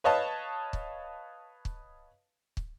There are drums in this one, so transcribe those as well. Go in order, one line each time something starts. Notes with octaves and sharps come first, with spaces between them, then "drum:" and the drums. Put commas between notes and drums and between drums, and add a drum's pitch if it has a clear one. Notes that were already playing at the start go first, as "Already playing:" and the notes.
B4 C#5 D#5 F5 A5
drum: kick
drum: kick
drum: kick